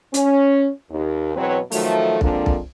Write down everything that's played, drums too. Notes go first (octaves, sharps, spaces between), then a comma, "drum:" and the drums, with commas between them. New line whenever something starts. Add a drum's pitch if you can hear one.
C#4, drum: hi-hat
D#2
E2 B2 F#3 C4 B4 C#5
D#3 F3 F#3 A3, drum: open hi-hat
D3 F3 G#3 A#3 C4 D4, drum: kick B1
drum: kick B1